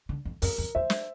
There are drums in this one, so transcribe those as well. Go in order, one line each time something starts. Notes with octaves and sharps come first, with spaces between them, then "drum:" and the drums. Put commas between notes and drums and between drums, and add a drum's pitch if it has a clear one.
D3
F2
F2 A#4, drum: open hi-hat
F2
E2 C5 E5
drum: snare